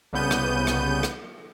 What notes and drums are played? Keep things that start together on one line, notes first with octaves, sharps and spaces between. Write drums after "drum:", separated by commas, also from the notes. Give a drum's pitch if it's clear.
C2 C#3 B3 G6 D#7
drum: rim click
drum: rim click
drum: rim click